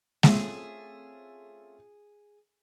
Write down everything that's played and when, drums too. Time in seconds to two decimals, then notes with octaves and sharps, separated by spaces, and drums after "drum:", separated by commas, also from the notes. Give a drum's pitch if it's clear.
0.23 A3 C4 C#4 F4 G#4 A4 E5, drum: snare G#3